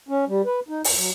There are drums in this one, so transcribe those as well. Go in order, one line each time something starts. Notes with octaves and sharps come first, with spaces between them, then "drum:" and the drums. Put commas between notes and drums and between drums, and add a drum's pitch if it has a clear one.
C#4
G3
B4
D#4
F2, drum: open hi-hat
F#3